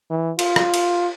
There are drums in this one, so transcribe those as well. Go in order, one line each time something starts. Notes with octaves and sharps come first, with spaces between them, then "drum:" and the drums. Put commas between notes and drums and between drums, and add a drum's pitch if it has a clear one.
E3
F4, drum: cymbal
drum: rim click
drum: cymbal